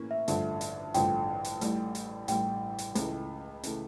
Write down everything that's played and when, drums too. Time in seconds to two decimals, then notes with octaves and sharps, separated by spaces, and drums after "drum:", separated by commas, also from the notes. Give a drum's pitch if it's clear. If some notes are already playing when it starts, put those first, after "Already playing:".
Already playing: A2 E3 A#3 C#4
0.11 E5
0.28 A1 G2 D3 F3, drum: hi-hat
0.61 drum: hi-hat
0.94 A1 G2 D3 F3 G5, drum: hi-hat
1.45 drum: hi-hat
1.61 A1 A2 G3, drum: hi-hat
1.95 drum: hi-hat
2.28 A1 A2 G3 G5, drum: hi-hat
2.78 drum: hi-hat
2.95 C#2 C#3 E3 A3, drum: hi-hat
3.63 C#3 E3 A3, drum: hi-hat